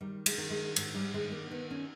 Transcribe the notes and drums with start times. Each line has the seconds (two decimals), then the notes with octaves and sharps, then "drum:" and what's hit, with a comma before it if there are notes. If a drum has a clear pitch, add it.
0.01 D#3 G3
0.26 G#3, drum: cymbal
0.38 D#3
0.50 G#3
0.76 G#2, drum: cymbal
0.95 G3
1.14 D#3 G#3
1.32 A#3
1.51 D#3 B3
1.71 C#4